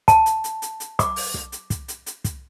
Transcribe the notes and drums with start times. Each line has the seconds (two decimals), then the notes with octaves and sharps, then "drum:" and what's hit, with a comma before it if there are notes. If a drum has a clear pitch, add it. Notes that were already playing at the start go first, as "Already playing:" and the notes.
0.08 A5, drum: kick, hi-hat
0.26 drum: hi-hat
0.44 drum: hi-hat
0.62 drum: hi-hat
0.80 drum: hi-hat
0.99 D6, drum: kick, hi-hat
1.16 drum: open hi-hat
1.34 drum: snare
1.52 drum: hi-hat
1.70 drum: kick, hi-hat
1.88 drum: hi-hat
2.06 drum: hi-hat
2.24 drum: kick, hi-hat